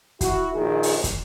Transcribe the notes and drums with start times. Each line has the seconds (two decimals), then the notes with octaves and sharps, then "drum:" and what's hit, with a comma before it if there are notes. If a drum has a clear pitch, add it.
0.21 E4 F#4, drum: kick, hi-hat
0.55 A#1 D#3 G#4
0.83 drum: open hi-hat
1.04 drum: kick, hi-hat